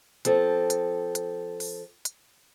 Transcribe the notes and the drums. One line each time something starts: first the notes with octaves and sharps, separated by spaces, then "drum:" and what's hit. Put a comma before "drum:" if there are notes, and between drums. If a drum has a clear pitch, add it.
F3 C4 A4, drum: hi-hat
drum: hi-hat
drum: hi-hat
drum: open hi-hat
drum: hi-hat